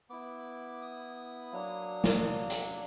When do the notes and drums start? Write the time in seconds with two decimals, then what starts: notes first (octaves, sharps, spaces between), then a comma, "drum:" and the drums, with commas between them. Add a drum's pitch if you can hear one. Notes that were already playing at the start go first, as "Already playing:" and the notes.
0.10 B3 E4 D6
0.82 D#6
1.52 F#3 A#3 D4
2.04 drum: snare
2.50 drum: hi-hat